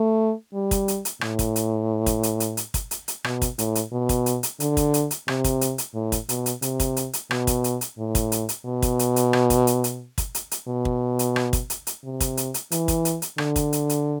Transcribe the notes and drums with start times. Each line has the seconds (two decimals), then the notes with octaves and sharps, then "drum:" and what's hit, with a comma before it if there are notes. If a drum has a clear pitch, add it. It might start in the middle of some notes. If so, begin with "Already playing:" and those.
Already playing: A3
0.54 G3
0.71 drum: kick, hi-hat
0.88 drum: hi-hat
1.05 drum: hi-hat
1.21 A2, drum: rim click
1.39 drum: kick, hi-hat
1.56 drum: hi-hat
2.06 drum: kick, hi-hat
2.23 drum: hi-hat
2.40 drum: hi-hat
2.57 drum: hi-hat
2.74 drum: kick, hi-hat
2.91 drum: hi-hat
3.08 drum: hi-hat
3.24 B2, drum: rim click
3.42 drum: kick, hi-hat
3.58 A2, drum: hi-hat
3.75 drum: hi-hat
3.92 B2
4.09 drum: kick, hi-hat
4.26 drum: hi-hat
4.43 drum: hi-hat
4.60 D3, drum: hi-hat
4.77 drum: kick, hi-hat
4.94 drum: hi-hat
5.11 drum: hi-hat
5.28 C3, drum: rim click
5.44 drum: kick, hi-hat
5.61 drum: hi-hat
5.78 drum: hi-hat
5.95 A2
6.12 drum: kick, hi-hat
6.29 B2, drum: hi-hat
6.46 drum: hi-hat
6.62 C3, drum: hi-hat
6.80 drum: kick, hi-hat
6.97 drum: hi-hat
7.13 drum: hi-hat
7.31 B2, drum: rim click
7.47 drum: kick, hi-hat
7.64 drum: hi-hat
7.81 drum: hi-hat
7.98 A2
8.15 drum: kick, hi-hat
8.32 drum: hi-hat
8.49 drum: hi-hat
8.66 B2
8.82 drum: kick, hi-hat
8.99 drum: hi-hat
9.16 drum: hi-hat
9.33 drum: rim click
9.50 drum: kick, hi-hat
9.67 drum: hi-hat
9.84 drum: hi-hat
10.18 drum: kick, hi-hat
10.35 drum: hi-hat
10.51 drum: hi-hat
10.68 B2
10.85 drum: kick
11.19 drum: hi-hat
11.36 drum: rim click
11.53 drum: kick, hi-hat
11.70 drum: hi-hat
11.87 drum: hi-hat
12.04 C3
12.20 drum: kick, hi-hat
12.37 drum: hi-hat
12.54 drum: hi-hat
12.72 E3, drum: hi-hat
12.88 drum: kick, hi-hat
13.05 drum: hi-hat
13.22 drum: hi-hat
13.38 D3, drum: rim click
13.56 drum: kick, hi-hat
13.73 drum: hi-hat
13.89 drum: hi-hat